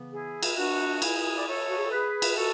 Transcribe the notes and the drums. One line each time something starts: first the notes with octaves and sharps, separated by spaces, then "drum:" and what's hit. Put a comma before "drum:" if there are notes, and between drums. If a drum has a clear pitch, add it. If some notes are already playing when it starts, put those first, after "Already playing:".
Already playing: C#3 E3 B3
E4 G#4
drum: cymbal
D4 F#4
E4 G#4, drum: cymbal
D5
A4 C#5
F#4
G#4
A4
G#4 B4
drum: cymbal
F#4 A4